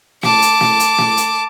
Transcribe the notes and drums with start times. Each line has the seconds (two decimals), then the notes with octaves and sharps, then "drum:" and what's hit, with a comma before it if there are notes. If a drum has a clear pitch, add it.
0.23 A5 D6, drum: snare
0.42 drum: hi-hat
0.61 drum: snare
0.80 drum: hi-hat
0.98 drum: snare
1.17 drum: hi-hat